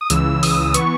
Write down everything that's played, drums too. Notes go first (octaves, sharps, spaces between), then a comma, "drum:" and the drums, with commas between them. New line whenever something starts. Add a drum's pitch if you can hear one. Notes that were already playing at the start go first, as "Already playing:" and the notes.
D#6
C#2 C#3 E3 E6, drum: hi-hat
D#6, drum: open hi-hat
E3 B3 C#6, drum: hi-hat